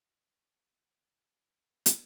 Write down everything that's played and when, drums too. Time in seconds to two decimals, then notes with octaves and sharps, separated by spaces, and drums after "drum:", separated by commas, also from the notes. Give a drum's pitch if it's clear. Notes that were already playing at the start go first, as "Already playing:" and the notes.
0.15 B4
0.75 G4 F5
1.44 A#3
1.86 drum: hi-hat